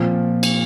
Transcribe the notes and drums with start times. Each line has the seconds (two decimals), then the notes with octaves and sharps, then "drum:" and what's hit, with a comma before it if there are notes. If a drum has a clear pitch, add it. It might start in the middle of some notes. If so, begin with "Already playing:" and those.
Already playing: A#2 F3 C4 F4
0.43 drum: cymbal